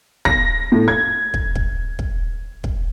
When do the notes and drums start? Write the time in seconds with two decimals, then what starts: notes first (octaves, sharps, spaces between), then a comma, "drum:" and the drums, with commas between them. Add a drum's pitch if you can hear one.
0.25 A#6, drum: kick
0.72 A2
0.88 G#6
1.34 drum: kick
1.55 drum: kick
1.99 drum: kick
2.64 drum: kick